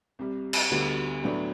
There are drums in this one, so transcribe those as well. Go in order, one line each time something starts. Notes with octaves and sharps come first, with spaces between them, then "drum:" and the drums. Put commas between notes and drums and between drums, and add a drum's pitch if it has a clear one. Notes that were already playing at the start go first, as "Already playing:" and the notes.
C2 C3 G3
drum: cymbal
D2 D3 G3 B3 F#4
A2 F#3 B3 D4